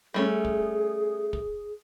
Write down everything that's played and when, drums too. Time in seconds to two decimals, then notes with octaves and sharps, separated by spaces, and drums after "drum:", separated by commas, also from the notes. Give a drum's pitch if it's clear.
0.14 G3 A3 C#4 G#4
0.45 drum: kick
1.33 drum: kick